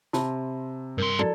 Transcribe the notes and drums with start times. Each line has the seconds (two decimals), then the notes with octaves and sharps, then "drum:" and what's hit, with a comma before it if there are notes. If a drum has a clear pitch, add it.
0.13 C3 A5 B5 C6, drum: snare
0.98 G2 A#4 C6
1.19 E4 F#4 A4 D5, drum: tom